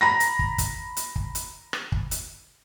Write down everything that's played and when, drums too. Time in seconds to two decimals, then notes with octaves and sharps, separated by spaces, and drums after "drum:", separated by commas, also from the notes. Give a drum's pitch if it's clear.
0.01 A#5 B5 A#6
0.20 drum: hi-hat
0.39 drum: kick
0.58 drum: kick, hi-hat
0.97 drum: hi-hat
1.16 drum: kick
1.35 drum: hi-hat
1.73 drum: rim click
1.92 drum: kick
2.11 drum: hi-hat